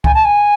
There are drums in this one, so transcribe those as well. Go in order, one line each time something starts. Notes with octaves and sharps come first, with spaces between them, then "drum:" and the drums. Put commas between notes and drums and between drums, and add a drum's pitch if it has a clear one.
G#5, drum: kick
A5
G#5